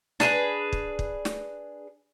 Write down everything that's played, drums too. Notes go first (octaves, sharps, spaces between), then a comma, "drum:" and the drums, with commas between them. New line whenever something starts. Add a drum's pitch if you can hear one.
D4 G#4 A4 B4, drum: snare
drum: kick
drum: kick
drum: snare